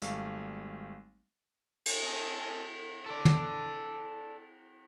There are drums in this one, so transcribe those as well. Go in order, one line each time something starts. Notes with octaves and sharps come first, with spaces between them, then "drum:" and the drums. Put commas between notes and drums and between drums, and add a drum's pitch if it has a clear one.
G#1 G3 A3 F5 C#6, drum: hi-hat
drum: cymbal
A3 C4 C#4 G#4 D#5 A5
A4 D5
drum: tom